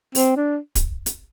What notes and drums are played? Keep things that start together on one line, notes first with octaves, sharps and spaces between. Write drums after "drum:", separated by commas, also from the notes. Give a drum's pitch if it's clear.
C4, drum: open hi-hat
D4
drum: kick, hi-hat
drum: hi-hat